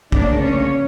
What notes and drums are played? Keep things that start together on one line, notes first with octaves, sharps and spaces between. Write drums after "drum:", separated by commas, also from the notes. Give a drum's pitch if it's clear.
D2 C#3 F3 A#3 D4 D5, drum: kick
C#4 C#5